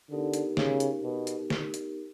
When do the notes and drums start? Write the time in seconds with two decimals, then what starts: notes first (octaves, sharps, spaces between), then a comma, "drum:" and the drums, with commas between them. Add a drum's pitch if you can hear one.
0.10 D3 B3 D#4 G4 A#4
0.34 drum: hi-hat
0.57 C#3, drum: snare
0.80 drum: hi-hat
1.03 B2
1.27 drum: hi-hat
1.50 drum: snare
1.74 drum: hi-hat